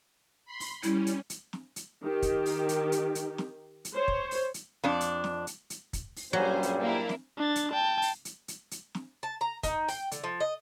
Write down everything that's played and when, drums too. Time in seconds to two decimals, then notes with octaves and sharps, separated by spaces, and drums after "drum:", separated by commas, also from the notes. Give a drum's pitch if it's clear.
0.45 B5 C6
0.60 drum: open hi-hat
0.83 G3 C#4 E4, drum: hi-hat
1.07 drum: hi-hat
1.30 drum: hi-hat
1.53 drum: snare
1.76 drum: hi-hat
2.03 D#3 G4
2.22 drum: kick, hi-hat
2.46 drum: open hi-hat
2.69 drum: hi-hat
2.92 drum: hi-hat
3.15 drum: hi-hat
3.38 drum: snare
3.85 drum: hi-hat
3.95 C5 C#5
4.08 drum: kick
4.31 drum: open hi-hat
4.54 drum: hi-hat
4.84 F2 D4
5.01 drum: hi-hat
5.24 drum: snare
5.47 drum: hi-hat
5.70 drum: hi-hat
5.93 drum: kick, hi-hat
6.16 drum: open hi-hat
6.33 G2 A#2 F#3 G3 C#4 G#4 C5
6.63 drum: hi-hat
6.81 A#3 D4 E4
7.09 drum: snare
7.37 D4 A6
7.55 drum: hi-hat
7.72 G5 A5
8.02 drum: open hi-hat
8.25 drum: hi-hat
8.48 drum: hi-hat
8.71 drum: hi-hat
8.95 drum: snare
9.23 A5
9.41 A#5
9.63 D#4, drum: kick, hi-hat
9.88 G5, drum: open hi-hat
10.12 D3, drum: hi-hat
10.24 F3
10.40 D#5